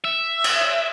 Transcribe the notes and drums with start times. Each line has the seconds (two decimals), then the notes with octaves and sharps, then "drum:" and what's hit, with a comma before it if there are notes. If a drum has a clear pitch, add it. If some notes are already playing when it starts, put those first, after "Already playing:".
0.04 E5
0.44 drum: cymbal